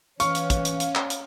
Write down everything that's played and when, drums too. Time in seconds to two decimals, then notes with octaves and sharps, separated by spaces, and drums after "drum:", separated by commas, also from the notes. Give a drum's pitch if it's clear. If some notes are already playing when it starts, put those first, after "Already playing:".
0.20 E3 C#4 F5 C#6, drum: hi-hat
0.35 drum: hi-hat
0.50 drum: kick, hi-hat
0.65 drum: hi-hat
0.80 drum: hi-hat
0.95 drum: clap
1.10 drum: hi-hat